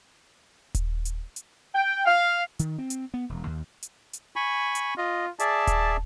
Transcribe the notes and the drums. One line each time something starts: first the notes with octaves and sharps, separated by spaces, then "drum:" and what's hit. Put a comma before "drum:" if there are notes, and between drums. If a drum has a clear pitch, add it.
drum: kick D#1, hi-hat
drum: hi-hat
drum: hi-hat
G5
F5
D#3, drum: hi-hat
C4
drum: hi-hat
B3
E1
D#2
drum: hi-hat
drum: hi-hat
G#5 B5 C#6
drum: hi-hat
F4 D#5
G#4 D5 E5 A5, drum: hi-hat
drum: kick D#1, hi-hat